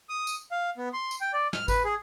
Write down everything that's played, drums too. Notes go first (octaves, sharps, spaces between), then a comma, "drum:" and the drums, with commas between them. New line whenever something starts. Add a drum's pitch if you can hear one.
D#6
drum: tambourine
F5
B3
C6
drum: tambourine
G5
D5
F6, drum: snare
B4, drum: kick G#1, tambourine
G#4